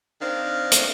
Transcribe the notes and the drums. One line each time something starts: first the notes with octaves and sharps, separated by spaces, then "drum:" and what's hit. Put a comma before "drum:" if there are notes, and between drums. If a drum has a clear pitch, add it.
D#3 C4 D4 F5
drum: hi-hat